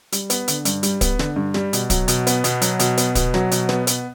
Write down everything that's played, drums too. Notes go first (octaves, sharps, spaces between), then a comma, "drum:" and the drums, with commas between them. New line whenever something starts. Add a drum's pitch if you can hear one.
G3, drum: hi-hat
B3, drum: hi-hat
D3, drum: hi-hat
G2, drum: hi-hat
G3, drum: hi-hat
B3, drum: kick, hi-hat
D3, drum: snare
G2
G3, drum: snare
B2, drum: hi-hat
F#3, drum: kick, hi-hat
B2, drum: hi-hat
B3, drum: hi-hat
B2, drum: hi-hat
F#3, drum: hi-hat
B2, drum: hi-hat
B3, drum: hi-hat
B2, drum: kick, hi-hat
F#3, drum: snare
B2, drum: hi-hat
B3, drum: snare
B3, drum: hi-hat